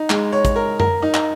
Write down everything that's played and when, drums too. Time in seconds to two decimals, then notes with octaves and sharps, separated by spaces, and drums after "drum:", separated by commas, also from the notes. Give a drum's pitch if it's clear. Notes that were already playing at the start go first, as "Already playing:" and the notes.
Already playing: D#4
0.10 G#3, drum: clap
0.32 C#5
0.45 drum: kick, hi-hat
0.56 A#4
0.80 A#4, drum: tom F#2
1.02 D#4
1.14 drum: clap